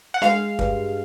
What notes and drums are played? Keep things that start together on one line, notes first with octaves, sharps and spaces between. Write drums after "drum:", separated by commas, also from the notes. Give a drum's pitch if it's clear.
F#5
G#3 F5, drum: snare
G2, drum: kick